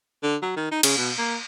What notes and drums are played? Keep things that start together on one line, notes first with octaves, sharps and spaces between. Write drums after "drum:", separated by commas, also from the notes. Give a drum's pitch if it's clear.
D3
F#3
D#3
D#4
C#3, drum: cymbal
B2
A#3